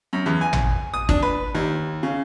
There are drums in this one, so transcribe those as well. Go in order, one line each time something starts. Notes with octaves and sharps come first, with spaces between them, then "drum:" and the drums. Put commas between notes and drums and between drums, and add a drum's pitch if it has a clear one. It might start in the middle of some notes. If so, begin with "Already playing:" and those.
F#2
E2
G#5
drum: tom
D#6
D4, drum: kick
B4
D#2
C#3